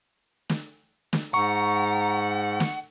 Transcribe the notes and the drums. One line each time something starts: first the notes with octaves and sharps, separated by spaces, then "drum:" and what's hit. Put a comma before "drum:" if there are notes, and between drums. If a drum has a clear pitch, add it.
drum: snare
drum: snare
G#2 F#5 A#5 C#6
drum: snare